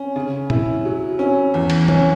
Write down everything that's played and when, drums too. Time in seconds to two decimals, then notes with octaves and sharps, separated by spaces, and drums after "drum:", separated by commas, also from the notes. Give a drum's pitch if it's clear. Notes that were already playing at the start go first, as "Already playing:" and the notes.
Already playing: C#4
0.16 C#3
0.50 E4, drum: tom
0.85 F#3
1.19 C#4
1.54 E2
1.70 drum: cymbal
1.88 C#4, drum: tom